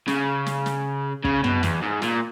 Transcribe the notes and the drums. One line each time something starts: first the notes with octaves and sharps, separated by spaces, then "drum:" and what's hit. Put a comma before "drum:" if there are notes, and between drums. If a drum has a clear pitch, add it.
C#3, drum: snare
drum: snare
drum: snare
C#3, drum: kick
B2, drum: tom
E2, drum: snare
G#2
A#2, drum: snare